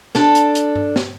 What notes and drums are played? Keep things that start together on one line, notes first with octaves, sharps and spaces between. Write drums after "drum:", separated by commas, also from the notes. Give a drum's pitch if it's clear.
D4 A4, drum: snare
drum: hi-hat
drum: hi-hat
drum: tom G2
drum: snare